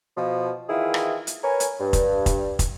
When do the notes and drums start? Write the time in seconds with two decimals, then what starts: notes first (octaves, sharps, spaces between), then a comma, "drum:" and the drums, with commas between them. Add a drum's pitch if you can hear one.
0.17 B2 F3
0.69 D#3 E3 E4 F4 G#4
0.94 drum: rim click
1.27 drum: hi-hat
1.43 A#4 B4 C#5 G#5
1.60 drum: hi-hat
1.80 G2
1.93 drum: kick, hi-hat
2.26 drum: kick, hi-hat
2.59 drum: kick, hi-hat